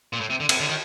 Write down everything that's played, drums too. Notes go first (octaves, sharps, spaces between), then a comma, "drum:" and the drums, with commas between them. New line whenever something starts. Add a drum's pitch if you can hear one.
A#2
A2
C3
D3
C3, drum: cymbal
D3
D#3